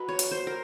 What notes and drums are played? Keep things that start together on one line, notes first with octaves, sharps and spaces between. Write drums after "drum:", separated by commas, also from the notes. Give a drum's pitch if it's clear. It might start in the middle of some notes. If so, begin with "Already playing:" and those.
Already playing: F#3 A#3 D#4 F#4 B4
C#5
drum: hi-hat
C5
A#4